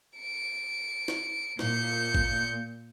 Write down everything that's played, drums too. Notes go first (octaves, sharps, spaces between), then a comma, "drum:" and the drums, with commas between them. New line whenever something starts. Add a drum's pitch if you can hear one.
C#7 D7
drum: snare
A#2 G6 C#7, drum: snare
drum: kick G#1